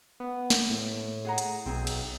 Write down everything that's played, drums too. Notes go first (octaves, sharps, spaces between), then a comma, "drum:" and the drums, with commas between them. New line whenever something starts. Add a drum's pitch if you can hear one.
B3
drum: snare
A2
G#4 F#5 A#5
drum: hi-hat
B1 C4 G#4
drum: cymbal